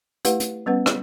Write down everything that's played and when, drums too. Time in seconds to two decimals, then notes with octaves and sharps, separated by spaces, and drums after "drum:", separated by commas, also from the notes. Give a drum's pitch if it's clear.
0.25 A3 E4 G4 B4 F5 F#5, drum: hi-hat
0.40 drum: hi-hat
0.66 G3 B3 C#4 B4 F#5
0.86 drum: rim click